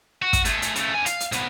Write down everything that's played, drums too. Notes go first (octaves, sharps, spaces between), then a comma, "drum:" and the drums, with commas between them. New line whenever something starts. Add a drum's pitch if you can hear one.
F#4
drum: kick, hi-hat
A3 G#4, drum: hi-hat
drum: hi-hat
C#3 A3, drum: hi-hat
D3 G#5
F5, drum: hi-hat
drum: hi-hat
C2 B3, drum: hi-hat